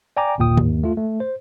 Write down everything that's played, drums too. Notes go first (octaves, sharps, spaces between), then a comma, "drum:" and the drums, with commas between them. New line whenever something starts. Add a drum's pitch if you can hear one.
D5 G5 G#5 A#5 D6
G1 D#2 A#2 G5 D#6
D#2, drum: tom
A3 F4
A3
C5